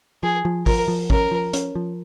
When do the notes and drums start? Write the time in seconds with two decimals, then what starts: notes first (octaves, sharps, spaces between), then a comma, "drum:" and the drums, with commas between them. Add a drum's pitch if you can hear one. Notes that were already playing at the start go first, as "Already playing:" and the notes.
0.23 F3 G#4
0.45 F3
0.66 F3 A#4, drum: kick, open hi-hat
0.88 F3
1.10 C#4 A#4, drum: kick
1.31 F3
1.53 C#4, drum: hi-hat
1.75 F3